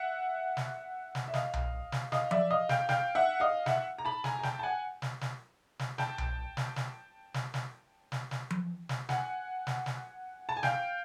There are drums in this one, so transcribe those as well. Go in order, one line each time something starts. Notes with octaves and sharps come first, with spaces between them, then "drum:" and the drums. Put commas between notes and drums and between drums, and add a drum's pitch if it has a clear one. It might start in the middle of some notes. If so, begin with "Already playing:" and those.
Already playing: E5 F#5
drum: snare
drum: snare
E5
D#5 F5, drum: snare
drum: tom B1
drum: snare
D#5 F5, drum: snare
D5 E5, drum: tom F3
D#5 F5
F5 G5, drum: snare
F5 G5, drum: snare
E5 F#5
D#5 F5
E5 F#5, drum: snare
A#5
A5 B5
G#5 A#5, drum: snare
A#5
G5 A5, drum: snare
A5
F#5 G#5
drum: snare
drum: snare
drum: snare
G5 A5, drum: snare
drum: tom B1
drum: snare
drum: snare
drum: snare
drum: snare
drum: snare
drum: snare
drum: tom F3
drum: snare
F#5 G#5, drum: snare
drum: snare
drum: snare
A5
G#5
F5 G5, drum: snare